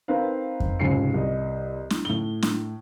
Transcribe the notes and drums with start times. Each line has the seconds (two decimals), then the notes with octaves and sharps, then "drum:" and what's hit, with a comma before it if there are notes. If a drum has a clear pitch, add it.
0.08 C4 D#4 A#4 B4 F5
0.60 drum: kick F2
0.79 F1 C#2 G#2 C7 C#7
1.14 C2 D#5
1.90 drum: snare
2.05 A2 G7
2.43 drum: snare